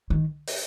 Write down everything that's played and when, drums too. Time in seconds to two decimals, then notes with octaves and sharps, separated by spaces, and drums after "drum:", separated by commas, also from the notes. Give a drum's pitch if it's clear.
0.10 D#3
0.48 drum: open hi-hat